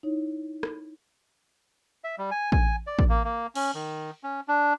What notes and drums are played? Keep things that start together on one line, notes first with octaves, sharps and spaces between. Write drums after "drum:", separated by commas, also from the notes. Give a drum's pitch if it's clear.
D#4 E4 C#5
drum: rim click
E5
G3
G#5
G#5, drum: kick A1
D5
drum: kick A1
A#3
A#3
C#4, drum: cymbal
D#3
C#4
D4